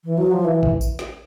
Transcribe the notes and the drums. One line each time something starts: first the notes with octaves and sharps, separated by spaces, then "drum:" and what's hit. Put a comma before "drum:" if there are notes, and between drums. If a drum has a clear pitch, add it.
E3
F#3
F3
E3
drum: kick A1
drum: tambourine
drum: snare